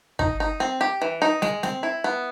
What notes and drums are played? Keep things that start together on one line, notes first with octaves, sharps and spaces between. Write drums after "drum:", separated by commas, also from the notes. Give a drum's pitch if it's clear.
D#4, drum: kick
D#4
C4
G4
E3
D#4
G#3, drum: snare
C4, drum: snare
E4
B3